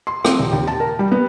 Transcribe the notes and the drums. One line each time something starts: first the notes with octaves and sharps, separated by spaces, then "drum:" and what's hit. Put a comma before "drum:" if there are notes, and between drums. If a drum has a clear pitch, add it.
C6
C4, drum: rim click
D#1
D#2
A5
A#4
G3
B3